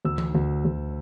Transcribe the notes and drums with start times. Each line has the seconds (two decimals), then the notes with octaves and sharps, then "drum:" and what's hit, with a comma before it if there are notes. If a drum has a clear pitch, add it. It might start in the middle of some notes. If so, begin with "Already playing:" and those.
0.05 D2 E6
0.18 drum: tom E3
0.35 D2
0.65 D2